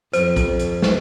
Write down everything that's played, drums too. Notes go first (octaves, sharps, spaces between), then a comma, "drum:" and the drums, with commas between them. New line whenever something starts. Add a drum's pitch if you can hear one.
F2 C5, drum: hi-hat
drum: kick, hi-hat
drum: hi-hat
drum: snare